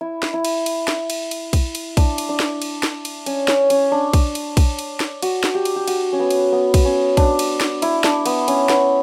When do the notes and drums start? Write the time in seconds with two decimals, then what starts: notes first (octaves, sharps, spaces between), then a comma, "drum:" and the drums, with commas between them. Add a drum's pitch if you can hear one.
0.01 E4
0.23 drum: snare
0.34 E4
0.45 drum: cymbal
0.66 drum: cymbal
0.88 drum: snare
1.10 drum: cymbal
1.31 drum: cymbal
1.53 drum: kick, cymbal
1.75 drum: cymbal
1.97 D4, drum: kick, cymbal
2.18 drum: cymbal
2.29 D4
2.40 drum: snare
2.62 drum: cymbal
2.83 drum: snare
3.05 drum: cymbal
3.26 C#4, drum: cymbal
3.48 C#4, drum: snare
3.70 C#4, drum: cymbal
3.92 D4
4.13 drum: kick, cymbal
4.35 drum: cymbal
4.57 drum: kick, cymbal
4.79 drum: cymbal
5.00 drum: snare
5.22 F#4, drum: cymbal
5.44 drum: snare
5.55 G4
5.65 drum: cymbal
5.76 G4
5.88 F#4, drum: cymbal
6.13 C#4
6.20 B3
6.31 drum: cymbal
6.52 B3
6.74 drum: kick, cymbal
6.85 C#4
7.17 D4, drum: kick, cymbal
7.39 drum: cymbal
7.61 drum: snare
7.82 E4, drum: cymbal
8.04 D4, drum: snare
8.26 B3, drum: cymbal
8.48 C#4, drum: cymbal
8.69 B3, drum: snare